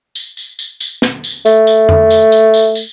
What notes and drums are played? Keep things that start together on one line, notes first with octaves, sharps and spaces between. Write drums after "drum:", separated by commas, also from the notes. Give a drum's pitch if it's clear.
drum: tambourine
drum: tambourine
drum: tambourine
drum: tambourine
drum: snare
drum: tambourine
A3, drum: tambourine
drum: tambourine
drum: tom F2
drum: tambourine
drum: tambourine
drum: tambourine
drum: tambourine